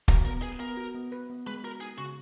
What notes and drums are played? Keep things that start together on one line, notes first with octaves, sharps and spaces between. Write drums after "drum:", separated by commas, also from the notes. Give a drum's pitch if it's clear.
F#4 A#4, drum: kick
B3 A#4
G#4 B4
B3 A#4
F#4
B3
B4
B3
G#3 B4
F#4 A#4
D#4 G#4
C#3 F#4